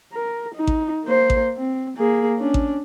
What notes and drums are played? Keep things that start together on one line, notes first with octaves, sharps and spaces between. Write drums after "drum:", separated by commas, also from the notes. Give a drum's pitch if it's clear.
A#4
D#4
drum: kick A1
A#3 C5
drum: kick A1
C4
A#3 G#4
C#4 D4
drum: kick A1